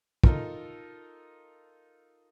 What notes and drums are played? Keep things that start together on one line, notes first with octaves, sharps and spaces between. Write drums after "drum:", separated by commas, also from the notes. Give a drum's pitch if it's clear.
D#4 F4 A4 A#4, drum: kick